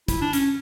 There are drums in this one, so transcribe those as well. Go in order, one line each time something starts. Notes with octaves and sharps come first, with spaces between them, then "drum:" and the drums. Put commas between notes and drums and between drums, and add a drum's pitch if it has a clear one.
E4, drum: kick, hi-hat
D4
C#4, drum: hi-hat